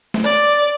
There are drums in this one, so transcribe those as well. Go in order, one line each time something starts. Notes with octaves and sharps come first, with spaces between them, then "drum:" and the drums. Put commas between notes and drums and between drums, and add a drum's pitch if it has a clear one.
drum: snare A3
D5